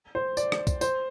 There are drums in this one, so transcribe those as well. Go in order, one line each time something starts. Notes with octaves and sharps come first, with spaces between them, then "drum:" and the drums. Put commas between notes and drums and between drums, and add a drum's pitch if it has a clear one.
C5
D5, drum: tambourine
drum: rim click
drum: kick, tambourine
C5, drum: tambourine